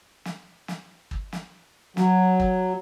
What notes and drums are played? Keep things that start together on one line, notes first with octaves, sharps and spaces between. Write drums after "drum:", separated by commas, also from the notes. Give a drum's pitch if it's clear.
drum: snare
drum: snare
drum: kick
drum: snare
F#3, drum: snare
drum: kick